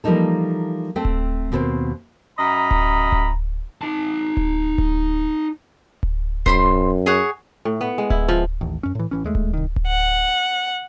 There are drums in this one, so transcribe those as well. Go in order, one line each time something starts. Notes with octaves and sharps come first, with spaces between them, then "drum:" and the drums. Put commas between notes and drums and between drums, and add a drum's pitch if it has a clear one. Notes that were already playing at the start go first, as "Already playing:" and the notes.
E3 F3 G3 A#3 D#4 A4
A3 C4 G5
drum: kick D1
D#2 B2 C4 A4 C5
F#2 D#5 A#5 B5
drum: kick D1
drum: kick D1
D#4 A5
drum: kick D1
drum: kick D1
drum: kick D1
F#2 C5 B5 C6, drum: kick D1
G#4 C#5 F#5
A2
B3
G#3
E4, drum: kick D1
F3
A1 D#2
F#2 C#4
A2 E3
A1 E3 C#4
D#2 G#3 A3
drum: kick D1
C2 D#3
drum: kick D1
F#5